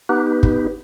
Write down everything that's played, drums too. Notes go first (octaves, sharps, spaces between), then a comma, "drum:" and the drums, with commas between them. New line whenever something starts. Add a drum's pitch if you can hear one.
B3 D#4 G4 B4
drum: kick